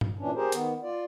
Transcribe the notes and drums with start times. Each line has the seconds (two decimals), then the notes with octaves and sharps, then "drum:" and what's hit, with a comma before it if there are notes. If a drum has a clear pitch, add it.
0.01 drum: tom G2
0.19 A#2 E3 C#4 D4
0.35 G4 G#4 A#4 C5
0.52 D#3 B3, drum: hi-hat
0.83 F4 D5